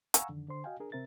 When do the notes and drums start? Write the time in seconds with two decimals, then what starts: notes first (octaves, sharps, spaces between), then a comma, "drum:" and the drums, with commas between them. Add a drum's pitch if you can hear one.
0.14 F5 F#5 G#5 A#5 C#6 E6, drum: hi-hat
0.29 F2 D3 D#3
0.49 D3 C5 C6
0.64 F#4 D#5 F5 G5 G#5
0.80 D4 G#4 A#4
0.92 C3 C4 A#4 E5 A6